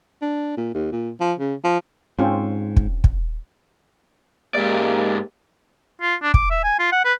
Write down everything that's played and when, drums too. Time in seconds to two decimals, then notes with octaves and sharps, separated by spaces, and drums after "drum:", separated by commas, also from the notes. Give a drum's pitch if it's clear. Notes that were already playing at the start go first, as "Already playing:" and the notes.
0.22 D4
0.57 A#2
0.74 D#2
0.92 A#2
1.20 F3
1.40 C#3
1.64 F3
2.19 G#2 C4 C#4 F4
2.76 drum: kick
3.04 drum: kick
4.55 G#2 G#3 A#3 G4 D5
6.01 F4
6.23 D4
6.34 D6, drum: kick
6.51 E5
6.64 G#5
6.79 F4
6.92 F#5
7.05 B4